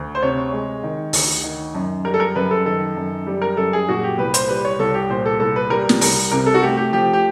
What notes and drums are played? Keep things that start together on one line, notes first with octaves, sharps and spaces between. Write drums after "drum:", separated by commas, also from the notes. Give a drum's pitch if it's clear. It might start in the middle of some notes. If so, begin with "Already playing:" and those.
Already playing: D2
C5
C3 C#5
G#3
D#3
D2, drum: open hi-hat
D#3
F#2
G3 A#4
A4
A#4
F#2 B4
A4
D#3 A4
F#2
G3
A#4
F#2 A4
G#4
A#2 F#4
G4
C2 B4
C5, drum: hi-hat
G3 B4
C#5
C2 A4
G4
A#2 C5
A4
C2 A4
B4
G3 A#4
drum: snare
C2 A#4, drum: open hi-hat
C3 A#4
A4
F#4
A3 G4
G4
F3 G4
G4